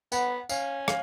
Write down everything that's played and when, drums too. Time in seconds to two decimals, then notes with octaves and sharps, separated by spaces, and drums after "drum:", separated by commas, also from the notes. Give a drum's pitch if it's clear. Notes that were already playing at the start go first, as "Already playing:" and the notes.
0.12 B3 F#5, drum: tambourine
0.49 C#4 F5, drum: tambourine
0.88 F5, drum: rim click